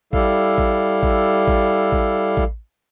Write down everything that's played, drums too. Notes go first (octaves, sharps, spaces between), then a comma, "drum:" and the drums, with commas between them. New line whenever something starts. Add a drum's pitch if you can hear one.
G3 E4 A4 F5, drum: kick A1
drum: kick A1
drum: kick A1
drum: kick A1
drum: kick A1
drum: kick A1